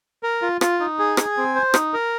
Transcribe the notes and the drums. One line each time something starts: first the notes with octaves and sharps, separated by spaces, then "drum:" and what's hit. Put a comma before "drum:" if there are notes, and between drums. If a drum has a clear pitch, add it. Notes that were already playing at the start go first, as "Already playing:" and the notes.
A#4
F4
F4, drum: rim click
D#4
G#4
G#5, drum: rim click
C4
C5
D#4, drum: rim click
A#4